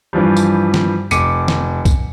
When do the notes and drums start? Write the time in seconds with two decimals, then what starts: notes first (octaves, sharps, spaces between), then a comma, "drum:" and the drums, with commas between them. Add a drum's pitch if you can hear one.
0.13 G2 E3 F3 G3
0.37 drum: tambourine
0.74 drum: snare
1.11 F1 D6 C#7 D#7, drum: tambourine
1.48 drum: snare
1.85 drum: kick, tambourine